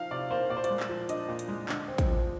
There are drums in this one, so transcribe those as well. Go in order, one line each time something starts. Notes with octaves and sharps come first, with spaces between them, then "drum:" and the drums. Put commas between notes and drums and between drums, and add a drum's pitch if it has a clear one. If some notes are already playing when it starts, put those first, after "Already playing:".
Already playing: F3 D#4 F5
C3 D5
A#3 C5
A#2 D5
C5
D5, drum: hi-hat
G#3
drum: clap
F3
D4 D#5, drum: hi-hat
A#2
drum: hi-hat
G#3
D3, drum: clap
C4
drum: kick, hi-hat
F3